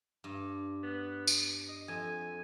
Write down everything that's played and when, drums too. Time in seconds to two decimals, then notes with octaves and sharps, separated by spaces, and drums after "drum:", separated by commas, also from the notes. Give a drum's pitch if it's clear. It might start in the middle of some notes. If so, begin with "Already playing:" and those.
0.24 G2
0.83 B3
1.27 drum: tambourine
1.69 D#5
1.88 F2 G#5